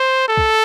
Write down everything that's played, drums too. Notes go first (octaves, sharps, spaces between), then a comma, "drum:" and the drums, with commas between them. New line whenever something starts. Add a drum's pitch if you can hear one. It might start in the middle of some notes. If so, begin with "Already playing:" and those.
Already playing: C5
A4
drum: kick